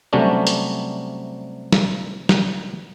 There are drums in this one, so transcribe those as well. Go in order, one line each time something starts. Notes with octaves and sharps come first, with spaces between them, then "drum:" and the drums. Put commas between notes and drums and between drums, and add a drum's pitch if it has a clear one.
C3 F#3 G3 A3 C#4 D4
drum: hi-hat
drum: snare
drum: snare